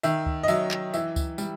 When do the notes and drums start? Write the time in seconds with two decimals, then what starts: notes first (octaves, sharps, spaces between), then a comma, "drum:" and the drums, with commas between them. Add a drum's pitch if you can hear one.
0.03 D#3 E5, drum: tambourine
0.26 drum: kick C#2
0.43 D#5
0.48 F#3 E5, drum: tambourine
0.71 drum: clap
0.94 E3 E5, drum: tambourine
1.16 drum: kick C#2, tambourine
1.38 G3, drum: tambourine